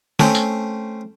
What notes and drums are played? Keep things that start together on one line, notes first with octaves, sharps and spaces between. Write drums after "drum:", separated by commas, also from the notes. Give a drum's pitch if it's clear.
A3 C4 C#4 C5, drum: snare
drum: tambourine